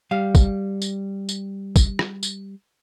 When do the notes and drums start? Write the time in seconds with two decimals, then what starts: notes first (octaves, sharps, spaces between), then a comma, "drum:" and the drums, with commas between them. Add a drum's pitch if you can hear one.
0.11 G3 F5
0.35 drum: kick, tambourine
0.82 drum: tambourine
1.29 drum: tambourine
1.76 drum: kick, tambourine
1.99 drum: rim click
2.23 drum: tambourine